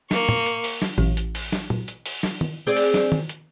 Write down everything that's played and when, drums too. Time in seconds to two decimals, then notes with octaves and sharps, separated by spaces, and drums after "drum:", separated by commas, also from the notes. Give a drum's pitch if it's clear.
0.11 A#3 C#6, drum: snare
0.29 drum: tom
0.46 drum: hi-hat
0.64 drum: open hi-hat
0.82 drum: snare
0.98 A1, drum: tom
1.17 drum: hi-hat
1.35 drum: open hi-hat
1.52 drum: snare
1.70 drum: tom
1.88 drum: hi-hat
2.06 drum: open hi-hat
2.23 drum: snare
2.41 drum: tom D#3
2.67 C4 G#4 D5
2.76 drum: open hi-hat
2.94 drum: snare
3.12 drum: tom D#3
3.29 drum: hi-hat